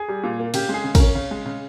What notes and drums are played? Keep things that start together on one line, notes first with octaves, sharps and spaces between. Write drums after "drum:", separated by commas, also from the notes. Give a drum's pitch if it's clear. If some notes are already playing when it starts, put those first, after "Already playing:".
Already playing: G#4
G3
A#2
A#3
C#3 G4, drum: cymbal
G#3
G#4
C#3
A#4, drum: kick, cymbal
C#4
C#3
G#3
C#3